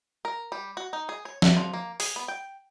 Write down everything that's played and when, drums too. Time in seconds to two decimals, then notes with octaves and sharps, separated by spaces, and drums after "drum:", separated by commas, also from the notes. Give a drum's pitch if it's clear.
0.25 A#4
0.52 G3
0.77 F#4
0.93 D#4
1.09 G#4
1.25 C#5
1.42 E5, drum: snare
1.57 F3
1.74 A#3
2.00 G#4, drum: open hi-hat
2.16 B3
2.28 G5